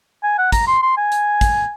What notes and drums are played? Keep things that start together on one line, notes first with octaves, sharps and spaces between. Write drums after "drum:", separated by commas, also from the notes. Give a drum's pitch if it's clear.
G#5
F#5
A#5, drum: kick, hi-hat
C6
C6
G#5
drum: hi-hat
drum: kick, hi-hat